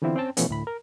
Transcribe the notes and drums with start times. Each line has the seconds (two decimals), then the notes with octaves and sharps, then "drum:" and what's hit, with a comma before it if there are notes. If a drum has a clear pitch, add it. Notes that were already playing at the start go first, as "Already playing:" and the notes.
0.02 D3 E3 B3 C4 E4 F4
0.16 C4 C#4 G5 A5
0.37 B2 E3 F3 A3 B3 C#4, drum: hi-hat
0.49 D2 A2 B5
0.67 A#4